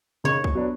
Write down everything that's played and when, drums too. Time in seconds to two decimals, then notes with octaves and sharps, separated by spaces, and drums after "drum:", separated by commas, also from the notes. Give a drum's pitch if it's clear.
0.24 C#3 C#5
0.44 drum: kick
0.55 F#3 B3 D4